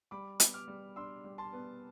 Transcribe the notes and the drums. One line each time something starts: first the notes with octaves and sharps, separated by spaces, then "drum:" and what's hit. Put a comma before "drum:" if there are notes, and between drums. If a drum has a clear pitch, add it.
G3 B5 D6
B3, drum: hi-hat
D6 F6
G3
D4 C6 E6
G3
A5 C6
B3